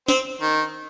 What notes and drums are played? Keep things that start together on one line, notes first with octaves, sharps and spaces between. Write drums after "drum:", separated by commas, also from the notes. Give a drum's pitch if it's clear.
C4, drum: snare
D#3